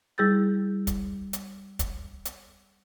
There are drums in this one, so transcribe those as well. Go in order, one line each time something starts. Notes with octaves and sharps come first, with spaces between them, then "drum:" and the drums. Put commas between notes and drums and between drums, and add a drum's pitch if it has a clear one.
G3 E4 G#4 E6 G6 A6
drum: kick, hi-hat
drum: hi-hat
drum: kick, hi-hat
drum: hi-hat